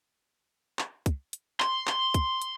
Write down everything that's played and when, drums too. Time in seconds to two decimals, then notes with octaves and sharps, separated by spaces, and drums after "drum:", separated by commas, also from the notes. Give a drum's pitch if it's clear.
0.79 drum: clap
1.06 drum: kick, hi-hat
1.33 drum: hi-hat
1.60 C6, drum: clap
1.87 drum: clap
2.14 drum: kick, hi-hat
2.42 drum: hi-hat